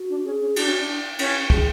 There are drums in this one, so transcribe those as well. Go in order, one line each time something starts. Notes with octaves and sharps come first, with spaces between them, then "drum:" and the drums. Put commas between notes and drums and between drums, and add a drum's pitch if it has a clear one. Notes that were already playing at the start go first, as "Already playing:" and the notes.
Already playing: F#4
D4
C#4 G#4
C#4
D4 F#4, drum: cymbal
C#4
D4
C#4, drum: cymbal
G#4, drum: kick